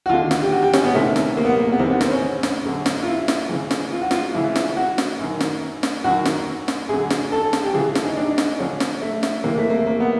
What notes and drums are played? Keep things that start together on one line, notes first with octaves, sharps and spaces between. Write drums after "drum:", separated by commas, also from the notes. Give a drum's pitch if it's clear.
F#4
D#2 D3 F4
drum: snare
G4
F#4
G4
C#4, drum: snare
B3
C2 C3 D#3 A3
drum: snare
A#3
B3
A#3
B3
E2 C3 D#3 C4
B3
C4, drum: snare
C#4
drum: snare
F#2 D3
drum: snare
F4
E4
drum: snare
F2 C#3 E3
drum: snare
F4
F#4
F4, drum: snare
F2 C#3 E3 E4
drum: snare
F#4
drum: snare
F#2 D#3
drum: snare
drum: snare
F#2 D#3 F#4
drum: snare
drum: snare
F#2 D3 G#4
drum: snare
A4
drum: snare
G4
F2 C#3 E3 G#4
drum: snare
D#4
D4
drum: snare
F2 D3 C#4
drum: snare
A3
drum: snare
E2 C3 E3 A#3
A3
A#3
A#3
B3